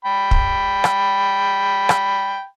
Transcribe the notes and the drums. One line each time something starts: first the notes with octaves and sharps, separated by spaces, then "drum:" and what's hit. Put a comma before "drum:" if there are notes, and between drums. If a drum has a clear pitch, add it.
G5 B5
drum: kick
drum: rim click
drum: rim click